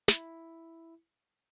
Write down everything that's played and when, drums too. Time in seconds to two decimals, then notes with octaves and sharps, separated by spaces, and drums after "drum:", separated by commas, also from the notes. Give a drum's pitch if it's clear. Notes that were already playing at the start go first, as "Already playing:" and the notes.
0.08 E4, drum: snare